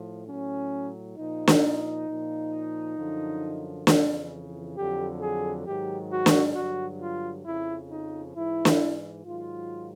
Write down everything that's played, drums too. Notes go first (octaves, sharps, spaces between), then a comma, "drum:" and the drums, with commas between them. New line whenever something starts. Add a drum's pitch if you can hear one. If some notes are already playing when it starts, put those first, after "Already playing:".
Already playing: A2 F3
A2 F#3 C#4
A#2 F3 D#4
drum: snare
A#2 F3
F#2 D3 F3
F2 C#3 E3, drum: snare
F2 D3 F#3 G4
G#4
G#2 D#3 F#3 G4
F#4
drum: snare
G2 D3 F#3 F#4
F4
F2 C#3 F3 E4
D#4
G#2 E3 E4
drum: snare
G#2 D#3 F#3 F4